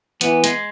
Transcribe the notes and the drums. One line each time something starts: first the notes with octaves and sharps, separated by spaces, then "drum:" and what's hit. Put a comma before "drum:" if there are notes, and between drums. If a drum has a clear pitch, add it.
E3 B3, drum: hi-hat
G#3, drum: hi-hat